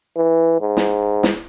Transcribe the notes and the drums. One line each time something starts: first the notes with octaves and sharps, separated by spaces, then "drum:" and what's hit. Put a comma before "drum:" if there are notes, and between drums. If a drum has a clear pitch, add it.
E3
G#2
drum: snare
drum: snare